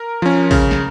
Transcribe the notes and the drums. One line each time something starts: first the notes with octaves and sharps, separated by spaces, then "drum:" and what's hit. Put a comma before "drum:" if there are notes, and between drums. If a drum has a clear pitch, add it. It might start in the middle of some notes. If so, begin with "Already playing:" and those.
Already playing: A#4
F3 C#4
C#3, drum: kick, open hi-hat
drum: snare